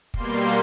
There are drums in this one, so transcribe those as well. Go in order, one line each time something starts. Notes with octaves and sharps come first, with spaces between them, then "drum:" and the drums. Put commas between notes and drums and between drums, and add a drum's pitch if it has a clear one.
B2 G3 A#3 C6, drum: kick